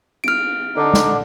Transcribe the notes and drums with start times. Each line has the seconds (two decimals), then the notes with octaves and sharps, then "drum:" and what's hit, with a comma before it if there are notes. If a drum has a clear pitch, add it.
0.24 F6 D7, drum: cymbal
0.76 D3 D4 D#4
0.94 drum: snare